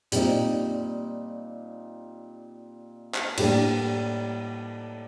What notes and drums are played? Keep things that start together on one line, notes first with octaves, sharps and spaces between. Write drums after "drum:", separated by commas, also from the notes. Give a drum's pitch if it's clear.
A#2 G3 C4 D#4, drum: hi-hat
drum: clap
A2 G3 A#3 D4, drum: cymbal